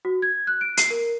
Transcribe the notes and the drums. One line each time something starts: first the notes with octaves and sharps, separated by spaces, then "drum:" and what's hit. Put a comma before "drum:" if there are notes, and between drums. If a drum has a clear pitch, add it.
F#4
G#6
F#6
D7
C7, drum: hi-hat
A#4